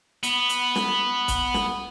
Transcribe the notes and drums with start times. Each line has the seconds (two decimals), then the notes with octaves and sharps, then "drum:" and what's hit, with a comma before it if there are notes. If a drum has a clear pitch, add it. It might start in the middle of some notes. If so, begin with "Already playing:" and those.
0.23 B3, drum: hi-hat
0.49 drum: hi-hat
0.76 drum: snare
1.28 drum: kick, hi-hat
1.54 drum: snare